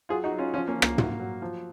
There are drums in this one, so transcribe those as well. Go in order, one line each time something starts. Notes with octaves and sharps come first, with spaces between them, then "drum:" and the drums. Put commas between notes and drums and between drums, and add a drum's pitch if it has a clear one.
F#3 F4 G#4
D#4 F#4
F#3
C#4 F4
F3 C#4 F4
A#3 C#4
F3
A#3, drum: rim click
F#3, drum: tom
F#3
F3